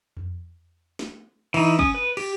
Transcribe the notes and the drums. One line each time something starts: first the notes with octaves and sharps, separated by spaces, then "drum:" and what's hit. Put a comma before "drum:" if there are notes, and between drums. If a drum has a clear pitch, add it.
drum: tom F2
drum: snare
E3 D#4, drum: cymbal
C#4 D#6, drum: kick
B4
G4, drum: cymbal